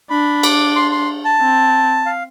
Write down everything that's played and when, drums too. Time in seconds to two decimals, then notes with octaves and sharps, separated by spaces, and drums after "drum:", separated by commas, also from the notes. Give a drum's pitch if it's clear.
0.10 D4 B5
0.43 D6, drum: cymbal
0.76 C6
0.91 C6
1.25 A5
1.41 C4
2.06 F5